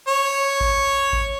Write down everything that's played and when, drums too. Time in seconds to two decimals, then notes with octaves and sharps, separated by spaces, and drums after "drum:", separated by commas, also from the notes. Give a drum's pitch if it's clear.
0.08 C#5
0.61 drum: kick G#1
1.13 drum: kick G#1